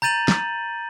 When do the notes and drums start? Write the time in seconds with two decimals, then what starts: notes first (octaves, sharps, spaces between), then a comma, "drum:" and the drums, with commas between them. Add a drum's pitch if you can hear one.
0.02 A#5 G6 A6 D#7 F#7
0.28 drum: snare